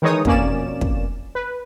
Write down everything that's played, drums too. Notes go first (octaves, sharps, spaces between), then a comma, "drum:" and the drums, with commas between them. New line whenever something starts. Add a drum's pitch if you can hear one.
D#3 E3 G#3 D#4 C#5 D#6
F2 B2 A#3 C#4 D5 E7, drum: kick
drum: kick
B4